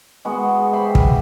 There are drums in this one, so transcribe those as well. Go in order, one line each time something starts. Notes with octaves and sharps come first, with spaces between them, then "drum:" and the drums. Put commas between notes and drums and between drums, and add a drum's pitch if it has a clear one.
G#3 B3 F#4
G4 E5 B5 C6
drum: kick